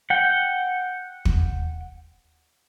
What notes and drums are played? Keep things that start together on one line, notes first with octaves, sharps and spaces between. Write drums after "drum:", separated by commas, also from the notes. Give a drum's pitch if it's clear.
F#5 G5
drum: kick